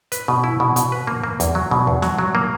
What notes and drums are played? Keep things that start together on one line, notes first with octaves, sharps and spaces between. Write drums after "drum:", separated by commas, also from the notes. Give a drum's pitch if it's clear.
B4, drum: hi-hat
B2
E4
B2
B2, drum: hi-hat
B4
A#3
A#3
E2, drum: hi-hat
F#3
B2
E2
F#3, drum: snare
F#3
A#3